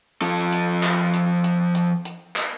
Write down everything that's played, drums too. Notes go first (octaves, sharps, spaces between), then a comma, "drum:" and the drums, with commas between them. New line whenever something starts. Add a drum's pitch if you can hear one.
F3 A4, drum: hi-hat
drum: hi-hat
drum: clap
drum: hi-hat
drum: hi-hat
drum: hi-hat
drum: hi-hat
drum: clap